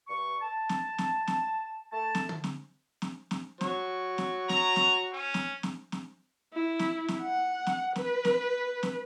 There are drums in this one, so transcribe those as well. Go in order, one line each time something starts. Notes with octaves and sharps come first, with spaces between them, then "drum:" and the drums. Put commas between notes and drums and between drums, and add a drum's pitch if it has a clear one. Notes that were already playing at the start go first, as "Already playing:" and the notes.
G2 C#6
A5
drum: snare
drum: snare
drum: snare
A3 A5
drum: snare
drum: tom
drum: snare
drum: snare
drum: snare
F#4 C#5, drum: snare
drum: snare
A#5, drum: snare
drum: snare
C#4
drum: snare
drum: snare
drum: snare
E4
drum: snare
drum: snare
F#5
drum: snare
B4, drum: snare
drum: snare
drum: snare